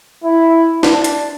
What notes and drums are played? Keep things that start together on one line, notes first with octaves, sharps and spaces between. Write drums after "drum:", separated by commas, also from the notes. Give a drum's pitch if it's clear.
E4
D4, drum: snare
drum: hi-hat